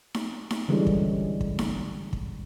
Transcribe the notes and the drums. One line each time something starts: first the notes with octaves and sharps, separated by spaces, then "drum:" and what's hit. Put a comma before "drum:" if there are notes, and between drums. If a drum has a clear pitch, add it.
drum: snare D#4
drum: snare D#4
D3 E3 G3 G#3 C#4
drum: kick
drum: kick
drum: snare D#4
drum: kick